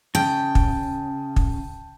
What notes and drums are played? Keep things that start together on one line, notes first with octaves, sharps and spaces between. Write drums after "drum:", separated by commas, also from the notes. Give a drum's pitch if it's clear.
C#3 G5 A5 G6
drum: kick
drum: kick